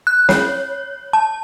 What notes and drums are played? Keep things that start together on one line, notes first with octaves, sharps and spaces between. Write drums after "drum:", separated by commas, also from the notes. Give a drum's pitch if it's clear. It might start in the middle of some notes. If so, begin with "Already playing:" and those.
F#6
C#5, drum: snare
A5